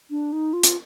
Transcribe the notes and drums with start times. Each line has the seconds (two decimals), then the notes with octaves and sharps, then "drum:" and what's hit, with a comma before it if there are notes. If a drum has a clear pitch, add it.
0.10 D4
0.33 D#4
0.53 F4
0.63 drum: hi-hat